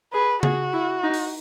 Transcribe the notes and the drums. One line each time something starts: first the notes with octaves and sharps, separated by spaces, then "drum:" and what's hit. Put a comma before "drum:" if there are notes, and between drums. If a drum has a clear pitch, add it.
G#4 B4
F#4 G#4, drum: tom C#3
E4
D#4
drum: open hi-hat